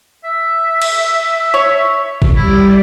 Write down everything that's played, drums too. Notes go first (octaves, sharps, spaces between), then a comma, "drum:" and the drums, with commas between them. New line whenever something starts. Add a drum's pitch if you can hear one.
E5
drum: cymbal
C#5
drum: kick G#1
G3 E4 D5